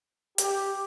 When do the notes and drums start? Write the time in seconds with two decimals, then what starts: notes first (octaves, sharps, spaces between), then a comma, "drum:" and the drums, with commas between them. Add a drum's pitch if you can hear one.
0.38 G4, drum: hi-hat